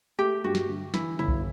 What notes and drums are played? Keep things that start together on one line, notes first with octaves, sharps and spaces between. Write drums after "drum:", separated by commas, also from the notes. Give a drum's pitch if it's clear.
A3 G4
G2 F#4
drum: snare
D3
E3 E4, drum: snare
G1 E4
drum: kick